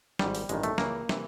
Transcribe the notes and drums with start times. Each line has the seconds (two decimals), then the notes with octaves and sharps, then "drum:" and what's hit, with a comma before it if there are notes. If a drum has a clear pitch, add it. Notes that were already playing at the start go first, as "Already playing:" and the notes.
0.19 G#1 G#2 D#3 G3, drum: snare
0.35 drum: open hi-hat
0.49 A1 G2 D#3 G#3, drum: hi-hat
0.63 A3, drum: hi-hat
0.78 C#2 C#3 E3 A#3, drum: snare
1.09 C3 E3, drum: snare